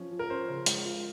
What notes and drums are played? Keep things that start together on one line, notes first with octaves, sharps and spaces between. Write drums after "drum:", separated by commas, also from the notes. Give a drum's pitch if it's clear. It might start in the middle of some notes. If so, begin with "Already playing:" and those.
Already playing: F3 C#4
F3
A#4
C#4 C5
C#3
G#3, drum: hi-hat
F4